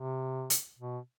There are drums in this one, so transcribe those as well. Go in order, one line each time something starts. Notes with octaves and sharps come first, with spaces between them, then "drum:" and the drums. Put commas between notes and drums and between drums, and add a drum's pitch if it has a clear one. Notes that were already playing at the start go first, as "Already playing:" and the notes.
Already playing: C3
drum: hi-hat
B2